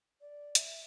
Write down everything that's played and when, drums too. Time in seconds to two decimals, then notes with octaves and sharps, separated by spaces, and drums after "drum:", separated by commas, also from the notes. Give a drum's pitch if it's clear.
0.20 D5
0.55 E5, drum: hi-hat